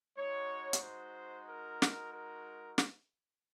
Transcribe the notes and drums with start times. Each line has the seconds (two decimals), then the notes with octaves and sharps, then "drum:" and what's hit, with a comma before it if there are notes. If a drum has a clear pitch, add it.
0.18 G#3 D#4 F#4 C#5
0.73 drum: hi-hat
0.82 C5
1.48 A#4
1.82 drum: snare
2.14 A#4
2.78 drum: snare